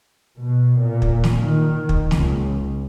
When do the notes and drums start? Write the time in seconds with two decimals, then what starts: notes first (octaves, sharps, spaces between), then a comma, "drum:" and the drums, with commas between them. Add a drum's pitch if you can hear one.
0.39 B2
0.80 A#2
1.02 drum: kick
1.24 drum: snare
1.42 D#3
1.89 drum: kick
2.11 C#2, drum: snare